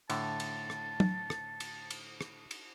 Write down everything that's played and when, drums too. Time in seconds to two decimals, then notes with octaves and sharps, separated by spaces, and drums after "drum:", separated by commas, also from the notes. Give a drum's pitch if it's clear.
0.10 A2 D3 A5, drum: cymbal
0.40 drum: cymbal
0.70 drum: rim click
1.00 drum: tom
1.30 drum: rim click
1.60 drum: cymbal
1.90 drum: cymbal
2.21 drum: rim click
2.51 drum: cymbal